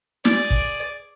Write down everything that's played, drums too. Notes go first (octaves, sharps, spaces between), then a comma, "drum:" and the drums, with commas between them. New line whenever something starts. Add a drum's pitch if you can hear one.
G#4 D5, drum: snare
drum: kick